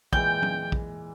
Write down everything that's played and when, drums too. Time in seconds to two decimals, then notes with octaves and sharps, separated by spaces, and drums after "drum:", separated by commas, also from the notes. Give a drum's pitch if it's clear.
0.13 A#2 E3 G#3 G5 G6, drum: kick
0.42 drum: tom F#3
0.72 drum: kick